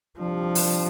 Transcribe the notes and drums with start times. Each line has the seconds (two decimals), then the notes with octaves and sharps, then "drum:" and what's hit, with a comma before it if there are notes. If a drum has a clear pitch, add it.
0.19 C2 C3 F3 G3 D4 G4
0.55 drum: open hi-hat